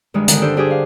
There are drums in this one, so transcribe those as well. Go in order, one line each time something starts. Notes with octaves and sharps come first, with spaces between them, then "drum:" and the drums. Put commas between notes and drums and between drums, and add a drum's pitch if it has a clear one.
G2 D#3 G#3
D3 D#3, drum: hi-hat
D4 G4 A4 C5
D4 G4 G#4
F5